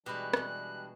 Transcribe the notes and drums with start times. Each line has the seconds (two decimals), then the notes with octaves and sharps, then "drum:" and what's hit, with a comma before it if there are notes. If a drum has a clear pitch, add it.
0.06 B2 E3 G3 G#3 D4 G4 B4 F#6
0.33 drum: rim click